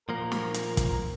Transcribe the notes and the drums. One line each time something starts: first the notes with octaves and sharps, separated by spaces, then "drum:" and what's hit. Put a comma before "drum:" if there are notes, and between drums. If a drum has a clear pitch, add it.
A#2 F3 A#3 A#4
drum: snare
drum: hi-hat
drum: kick, hi-hat